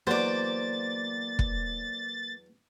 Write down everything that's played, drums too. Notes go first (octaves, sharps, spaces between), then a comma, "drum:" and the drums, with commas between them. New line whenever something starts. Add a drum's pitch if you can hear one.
E2 F#3 A#3 F#4 C5 D5 A6
drum: kick